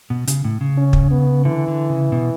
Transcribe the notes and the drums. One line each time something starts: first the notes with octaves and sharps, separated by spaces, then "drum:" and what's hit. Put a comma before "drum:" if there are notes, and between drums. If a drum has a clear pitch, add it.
B2
C#3, drum: hi-hat
A2
C#3
C#4
drum: kick
B3
D3 E3
D3
C#3
B2